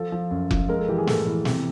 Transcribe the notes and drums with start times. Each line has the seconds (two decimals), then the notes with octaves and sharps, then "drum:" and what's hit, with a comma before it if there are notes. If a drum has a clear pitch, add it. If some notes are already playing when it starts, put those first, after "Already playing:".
Already playing: F3 A4
0.12 F3
0.31 F#2
0.51 F3, drum: kick F1
0.69 G#3 A#4
0.79 A4
0.88 E3 G4
0.98 G#4
1.07 A2 A4, drum: snare
1.27 E3
1.45 C3, drum: snare